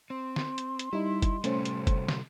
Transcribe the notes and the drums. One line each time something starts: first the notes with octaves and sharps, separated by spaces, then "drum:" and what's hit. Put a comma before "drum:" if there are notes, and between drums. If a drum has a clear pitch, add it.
C4 C6
drum: snare
drum: hi-hat
drum: hi-hat
G3 D#4 E4
drum: kick F#1, hi-hat
C3 G3 A3 C#4 A4 C5, drum: hi-hat
drum: hi-hat
drum: kick F#1, hi-hat
drum: snare